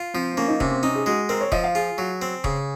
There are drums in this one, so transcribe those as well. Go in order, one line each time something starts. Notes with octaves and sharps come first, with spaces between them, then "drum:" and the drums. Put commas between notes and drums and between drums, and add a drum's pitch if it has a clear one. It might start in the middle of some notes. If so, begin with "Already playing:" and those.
Already playing: F4
F3 C4
C4
A#3 C#4
D#4
C3 C#4, drum: kick E1
C4
C#4 D#4
G#4
G#3 F#4
C4 A#4
C#5
F3 D#5, drum: kick E1
F5
F4 G#4
F#3
C4
C#3, drum: kick E1